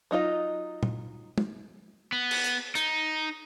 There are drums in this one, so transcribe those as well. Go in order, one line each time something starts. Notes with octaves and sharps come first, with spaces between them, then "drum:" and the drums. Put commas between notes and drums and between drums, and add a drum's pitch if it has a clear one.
F#3 D#4 F4 D#5
drum: tom
drum: tom
B3
drum: cymbal
drum: hi-hat
D#4, drum: hi-hat